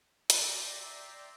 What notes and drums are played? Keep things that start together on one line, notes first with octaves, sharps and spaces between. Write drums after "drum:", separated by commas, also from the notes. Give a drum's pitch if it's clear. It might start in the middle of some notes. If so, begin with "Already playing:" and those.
D5 E5 G5 A#5 C6 E6, drum: hi-hat